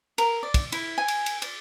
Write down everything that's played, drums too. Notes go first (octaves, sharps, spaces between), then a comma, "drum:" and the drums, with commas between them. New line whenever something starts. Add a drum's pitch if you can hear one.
A#4, drum: cymbal
D5
drum: kick, cymbal
E4, drum: cymbal
G#5
drum: cymbal
drum: cymbal
D5, drum: cymbal